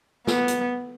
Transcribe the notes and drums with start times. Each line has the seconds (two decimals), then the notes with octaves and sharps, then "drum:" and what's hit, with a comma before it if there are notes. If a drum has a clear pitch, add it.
0.27 B3, drum: snare
0.48 drum: hi-hat